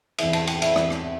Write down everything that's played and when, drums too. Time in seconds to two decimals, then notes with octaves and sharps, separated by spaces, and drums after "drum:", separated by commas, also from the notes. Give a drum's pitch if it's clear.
0.18 E2 C3 E3 E5, drum: cymbal
0.33 A5, drum: cymbal
0.47 G5, drum: cymbal
0.62 E5, drum: cymbal
0.76 E2 C3 E3 D5, drum: rim click
0.90 drum: rim click